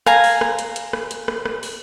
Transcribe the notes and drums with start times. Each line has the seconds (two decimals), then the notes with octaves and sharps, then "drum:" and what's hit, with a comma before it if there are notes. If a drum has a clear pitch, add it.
0.06 F5 G#5 A#5, drum: rim click
0.24 drum: open hi-hat
0.41 drum: rim click
0.59 drum: hi-hat
0.76 drum: hi-hat
0.93 drum: rim click
1.11 drum: hi-hat
1.28 drum: rim click
1.45 drum: rim click
1.63 drum: open hi-hat